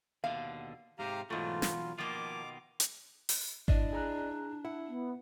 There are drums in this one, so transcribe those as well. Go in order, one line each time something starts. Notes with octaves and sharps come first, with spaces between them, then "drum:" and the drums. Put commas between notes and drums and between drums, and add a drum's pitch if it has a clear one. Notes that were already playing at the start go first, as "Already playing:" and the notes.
D#2 B2 D3 F5
G#2 C3 G4 F5 A#5
B1 G#2 E3 F#3 A3 F4
drum: snare
B2 D#3 F3 A#3 F4 D6
drum: hi-hat
drum: open hi-hat
D4 E4 D5 D#5, drum: kick G#1
G#4 A#5 F#6
E4 F#5
B3